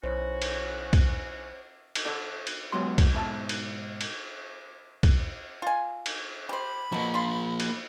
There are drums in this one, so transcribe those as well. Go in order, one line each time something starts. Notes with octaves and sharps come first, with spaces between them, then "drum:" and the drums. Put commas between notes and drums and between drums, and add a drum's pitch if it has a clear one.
B1 C#4 E4 F#4 C5 C#5
drum: cymbal
drum: kick, cymbal
drum: cymbal
A4 D5
drum: cymbal
F#2 F#3 G#3 B3 G4 C6
drum: kick, cymbal
G#2 B2 E5 A5
drum: cymbal
drum: cymbal
drum: kick, cymbal
F4 G#5
drum: cymbal
G4 C5 B5
B2 F3 F#3 A#3
F4 C6
drum: cymbal